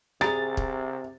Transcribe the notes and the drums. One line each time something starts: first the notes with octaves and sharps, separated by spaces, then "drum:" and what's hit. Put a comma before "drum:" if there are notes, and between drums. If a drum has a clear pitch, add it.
C3 G#4 A#5 A6, drum: rim click
drum: kick